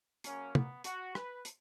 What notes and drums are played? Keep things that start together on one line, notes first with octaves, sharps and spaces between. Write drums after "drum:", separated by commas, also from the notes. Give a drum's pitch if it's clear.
C#3 F#3 A#3 C#4, drum: hi-hat
B3, drum: tom
F#4, drum: hi-hat
B4, drum: rim click
drum: hi-hat